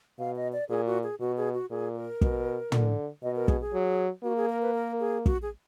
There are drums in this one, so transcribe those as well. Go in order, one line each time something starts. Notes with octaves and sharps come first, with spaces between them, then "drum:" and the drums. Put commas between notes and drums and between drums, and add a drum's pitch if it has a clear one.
B2 F5
D#5
D5
A#2 G#4
F#4
G#4
B2 F#4
G#4
F#4
A#2 G#4
A#4
B2, drum: kick
D3, drum: tom
B2 D#5
A#4
G#4, drum: kick
G#4
F#3
A#3 F#4
G#4
A#4
B4
A#4
G#4
F#4, drum: kick
G#4